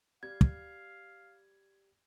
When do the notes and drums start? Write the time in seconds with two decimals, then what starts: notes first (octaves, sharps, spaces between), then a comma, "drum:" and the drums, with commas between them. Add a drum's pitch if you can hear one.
0.23 G3 F5 G#6
0.41 drum: kick